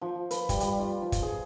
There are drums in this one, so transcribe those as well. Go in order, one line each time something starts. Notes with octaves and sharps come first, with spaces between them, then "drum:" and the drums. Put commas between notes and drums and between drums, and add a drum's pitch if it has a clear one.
F3
B4, drum: hi-hat
G3, drum: kick, hi-hat
G3, drum: hi-hat
F4
F3
drum: kick, hi-hat
G#4